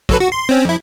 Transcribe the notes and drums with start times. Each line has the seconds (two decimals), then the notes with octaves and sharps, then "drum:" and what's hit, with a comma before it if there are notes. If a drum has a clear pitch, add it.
0.09 F#3 A4 B4, drum: kick
0.20 F#4
0.32 C6
0.49 C4 C#4
0.65 F2 E4